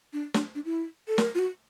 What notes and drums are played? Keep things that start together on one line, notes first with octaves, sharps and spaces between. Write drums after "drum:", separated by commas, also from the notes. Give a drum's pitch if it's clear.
D4
D4, drum: snare
D4
E4
A4
A#4, drum: snare
F4
F#4